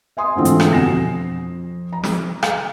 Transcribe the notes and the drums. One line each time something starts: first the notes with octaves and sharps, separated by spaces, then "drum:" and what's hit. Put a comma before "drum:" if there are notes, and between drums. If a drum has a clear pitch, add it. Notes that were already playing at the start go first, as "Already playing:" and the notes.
E5 G#5 C6 D#6
G#2 D3 E3 A3 C4 F4
drum: hi-hat
drum: rim click
F2 B2 G#5 A#6 C7 E7
F2
A#5
drum: snare
F5, drum: rim click